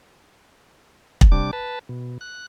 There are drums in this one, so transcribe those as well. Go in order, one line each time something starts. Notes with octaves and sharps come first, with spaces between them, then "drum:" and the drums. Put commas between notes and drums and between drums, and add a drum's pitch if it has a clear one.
drum: kick
C3 G3 D4 D6
B4 A5
B2
F#6